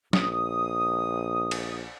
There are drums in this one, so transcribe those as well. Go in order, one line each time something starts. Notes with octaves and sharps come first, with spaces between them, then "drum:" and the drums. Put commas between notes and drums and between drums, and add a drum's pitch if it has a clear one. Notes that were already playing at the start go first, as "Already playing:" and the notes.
A#1 D#6, drum: snare
drum: cymbal